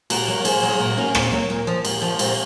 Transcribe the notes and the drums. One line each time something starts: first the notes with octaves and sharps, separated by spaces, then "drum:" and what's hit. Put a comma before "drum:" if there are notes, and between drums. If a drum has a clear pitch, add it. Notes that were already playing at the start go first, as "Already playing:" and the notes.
A#2 F#4 A#4, drum: cymbal
F#3
A#2 G#4 C5, drum: cymbal
F#3
G#4
A#2 F#4 A#4
F#3 A#3 C#4
A#3
A#2 C4, drum: rim click
F#3 A#3
A#2
F3
A#2, drum: cymbal
F3
A#2 C4, drum: cymbal